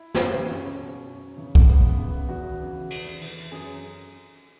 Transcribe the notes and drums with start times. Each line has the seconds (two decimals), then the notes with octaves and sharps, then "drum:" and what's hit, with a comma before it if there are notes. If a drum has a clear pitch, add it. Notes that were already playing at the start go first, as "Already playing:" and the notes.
Already playing: E4
0.15 C#3 E3, drum: snare
0.45 C#2 C#4
0.75 B2
1.07 F#2
1.37 C#3 E3
1.55 drum: kick
1.67 C#2 B3
1.88 B3
1.99 C#3 E3
2.09 B3
2.29 E2 F#4
2.60 C#3 E3
2.90 E2, drum: cymbal
3.07 drum: hi-hat
3.22 E3, drum: open hi-hat
3.52 F#2 G#4